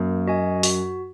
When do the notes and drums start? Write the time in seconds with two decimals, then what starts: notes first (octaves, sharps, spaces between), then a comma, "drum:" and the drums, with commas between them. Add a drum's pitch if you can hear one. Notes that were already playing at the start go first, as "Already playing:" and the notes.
Already playing: F#2 A#3
0.27 F#4 D#5 G#5
0.63 F#4, drum: open hi-hat